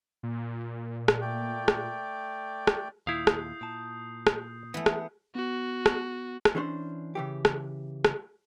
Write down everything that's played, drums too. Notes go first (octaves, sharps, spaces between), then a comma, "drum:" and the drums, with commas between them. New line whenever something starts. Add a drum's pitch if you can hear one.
A#2
drum: rim click
A3 D5 G5
drum: rim click
drum: rim click
D#2 A#2 E4 F5 D#6 G6 C7
drum: rim click
A#2 A5
drum: rim click
E3 A3 B3
drum: rim click
B3 F#4
drum: rim click
drum: rim click
E3 C#4 D4 C5
C#3 E3 G4
drum: rim click
drum: rim click